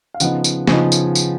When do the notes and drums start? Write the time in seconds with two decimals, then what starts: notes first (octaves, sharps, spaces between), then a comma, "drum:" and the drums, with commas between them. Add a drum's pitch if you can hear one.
0.14 F5
0.20 C#3 F3 B3 D#4 F#5, drum: tambourine
0.44 drum: tambourine
0.67 C#3 F3 B3 D#4 G#5, drum: snare
0.92 drum: tambourine
1.15 drum: tambourine